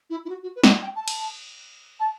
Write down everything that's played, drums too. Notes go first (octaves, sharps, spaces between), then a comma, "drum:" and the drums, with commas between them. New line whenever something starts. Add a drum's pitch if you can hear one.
E4
E4
F#4
F#4
B4
G5, drum: snare
F#5
G5
A5
drum: cymbal
A5